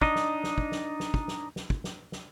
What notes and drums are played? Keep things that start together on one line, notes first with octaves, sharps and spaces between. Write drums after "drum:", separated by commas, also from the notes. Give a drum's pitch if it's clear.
D4 D#4 D#5, drum: kick
drum: snare
drum: snare
drum: kick
drum: snare
drum: snare
drum: kick
drum: snare
drum: snare
drum: kick
drum: snare
drum: snare